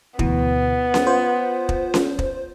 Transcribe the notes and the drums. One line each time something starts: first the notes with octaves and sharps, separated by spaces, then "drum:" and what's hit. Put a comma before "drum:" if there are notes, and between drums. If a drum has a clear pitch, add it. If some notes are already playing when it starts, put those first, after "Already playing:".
D2 B2 E3 B3, drum: kick
drum: snare C#4
F4 C5
drum: kick
drum: snare C#4
drum: kick